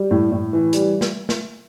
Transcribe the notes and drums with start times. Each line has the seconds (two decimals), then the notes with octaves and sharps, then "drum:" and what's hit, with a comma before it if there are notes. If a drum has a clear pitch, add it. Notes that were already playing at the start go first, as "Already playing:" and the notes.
Already playing: G3
0.11 A2
0.32 A2
0.53 E3
0.73 G3, drum: hi-hat
1.01 drum: snare
1.29 drum: snare